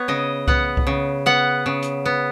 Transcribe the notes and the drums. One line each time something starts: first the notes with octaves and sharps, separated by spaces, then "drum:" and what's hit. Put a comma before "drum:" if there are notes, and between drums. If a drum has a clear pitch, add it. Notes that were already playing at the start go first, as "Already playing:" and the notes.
Already playing: B3 B4 C#5
C#3 D#5
B3 F#5, drum: kick C2
drum: kick C2
C#3
B3 F#5
C#3
drum: hi-hat
B3